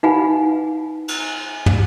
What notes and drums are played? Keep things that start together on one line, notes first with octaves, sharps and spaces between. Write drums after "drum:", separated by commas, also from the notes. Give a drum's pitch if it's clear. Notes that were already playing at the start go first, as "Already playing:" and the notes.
D#4 B4 F5 F#5 G#5 B5
drum: cymbal
drum: tom